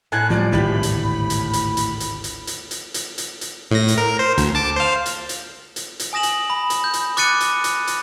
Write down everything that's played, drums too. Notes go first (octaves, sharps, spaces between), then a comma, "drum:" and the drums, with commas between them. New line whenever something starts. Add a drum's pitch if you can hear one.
A2 G#5 A5 F#6 G#6
F3 G3 G#3 D5
G#1 D2 B2 E4 G4 B5
drum: hi-hat
drum: hi-hat
drum: hi-hat
drum: hi-hat
drum: hi-hat
drum: hi-hat
drum: hi-hat
drum: hi-hat
drum: hi-hat
drum: hi-hat
drum: hi-hat
A2 A#6
drum: hi-hat
A#4
C5
D2, drum: hi-hat
A5 D6
C5 F5
drum: hi-hat
drum: hi-hat
drum: hi-hat
drum: hi-hat
G#5 D#6 A#6 E7 F#7
drum: hi-hat
B5
drum: hi-hat
G6
drum: hi-hat
D6 F#6 A6 C#7 D#7, drum: hi-hat
drum: hi-hat
drum: hi-hat
drum: hi-hat